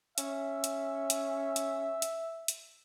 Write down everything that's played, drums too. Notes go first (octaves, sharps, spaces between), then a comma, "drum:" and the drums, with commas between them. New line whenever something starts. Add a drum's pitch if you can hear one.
C#4 E5, drum: hi-hat
drum: hi-hat
drum: hi-hat
drum: hi-hat
drum: hi-hat
drum: hi-hat